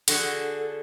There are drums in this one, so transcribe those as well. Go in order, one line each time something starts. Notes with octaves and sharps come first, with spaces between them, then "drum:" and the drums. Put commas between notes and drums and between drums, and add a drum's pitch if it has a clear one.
D3 F#4 G#4 A4, drum: hi-hat